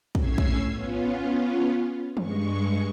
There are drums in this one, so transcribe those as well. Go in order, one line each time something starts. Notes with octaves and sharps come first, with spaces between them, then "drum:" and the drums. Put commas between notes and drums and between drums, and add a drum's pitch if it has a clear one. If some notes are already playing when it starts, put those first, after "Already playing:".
A2 C#4 E6 G#6 C7, drum: kick
drum: kick
B3 C#4 F4
G2 G#3 C#6, drum: tom D#3